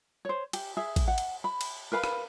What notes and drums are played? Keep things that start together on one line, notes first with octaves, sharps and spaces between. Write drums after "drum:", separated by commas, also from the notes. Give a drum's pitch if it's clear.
C5 C#5
G4, drum: cymbal
G#4 E5
drum: kick A1, cymbal
F#5
drum: cymbal
B5
drum: cymbal
A#4 B4 F5 B5
drum: rim click